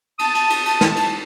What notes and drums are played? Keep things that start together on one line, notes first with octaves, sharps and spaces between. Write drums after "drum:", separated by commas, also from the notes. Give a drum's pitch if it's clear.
A5 D#6, drum: cymbal
drum: cymbal
drum: cymbal
drum: cymbal
drum: snare
drum: cymbal